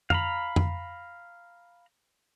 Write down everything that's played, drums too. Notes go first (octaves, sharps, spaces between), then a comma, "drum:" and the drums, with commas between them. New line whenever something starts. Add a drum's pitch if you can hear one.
F5 A#5 B5, drum: tom F2
drum: tom F2